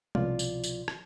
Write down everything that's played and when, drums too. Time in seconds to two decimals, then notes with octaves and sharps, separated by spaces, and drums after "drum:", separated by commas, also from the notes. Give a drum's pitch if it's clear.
0.15 C2 B2 F3 F4 D5, drum: tom
0.39 drum: tambourine
0.64 drum: tambourine
0.88 drum: rim click